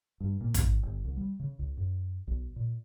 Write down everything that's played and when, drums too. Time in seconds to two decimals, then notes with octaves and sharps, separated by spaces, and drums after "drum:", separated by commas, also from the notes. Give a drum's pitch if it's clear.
0.20 G2
0.41 A#2
0.54 G#2, drum: kick, hi-hat
0.83 G1
1.04 C2
1.17 G3
1.40 C#3
1.59 C#2
1.77 F#2
2.27 B1
2.56 A#2